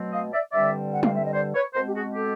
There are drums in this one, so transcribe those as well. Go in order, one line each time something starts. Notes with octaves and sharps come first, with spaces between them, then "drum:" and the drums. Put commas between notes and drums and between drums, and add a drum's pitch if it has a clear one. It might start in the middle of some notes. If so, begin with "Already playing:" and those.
Already playing: B2 F#3 A3 C4
D#5 F5
D5 E5
G2 D3 G3 C4 D5 E5
F#5
F5, drum: tom G3
E5
D#5
C5 D5
B4 C#5
B2 G#3 C4 A#4 C5
G4
F#4 G#4
G4 A4